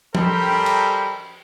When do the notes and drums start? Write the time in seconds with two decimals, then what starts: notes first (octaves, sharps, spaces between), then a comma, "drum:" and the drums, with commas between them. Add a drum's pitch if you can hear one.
0.15 G3 A4 A#4 C5 G5 B5, drum: tom F3
0.66 drum: cymbal